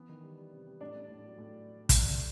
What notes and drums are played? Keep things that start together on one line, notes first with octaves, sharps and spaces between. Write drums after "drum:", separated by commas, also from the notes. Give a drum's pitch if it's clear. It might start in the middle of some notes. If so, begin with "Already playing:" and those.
Already playing: E3 B3
D#3
G3
G3
C3
G3
A2 D4 D5
D4
A2
F#3
A2
drum: kick, hi-hat